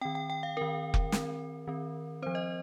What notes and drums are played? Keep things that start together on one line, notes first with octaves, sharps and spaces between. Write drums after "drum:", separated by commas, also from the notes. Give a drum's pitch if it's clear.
D#3 C4 G5
G5
G5
F5
D#3 C4 A#4
drum: kick F1
D#3 C4, drum: snare
D#3 C4
F3 C4 C5
D#5